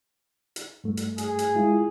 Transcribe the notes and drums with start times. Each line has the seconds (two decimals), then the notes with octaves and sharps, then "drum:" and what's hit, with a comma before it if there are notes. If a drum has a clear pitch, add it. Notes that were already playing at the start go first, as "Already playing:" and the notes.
0.56 drum: hi-hat
0.84 G2 A3
0.97 drum: hi-hat
1.18 G#4, drum: hi-hat
1.39 drum: hi-hat
1.55 G#3 E4 F4